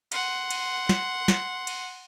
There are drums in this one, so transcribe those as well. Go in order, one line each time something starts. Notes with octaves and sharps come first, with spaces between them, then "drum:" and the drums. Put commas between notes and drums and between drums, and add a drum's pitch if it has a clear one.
F#5 C6, drum: cymbal
drum: cymbal
drum: snare
drum: snare
drum: cymbal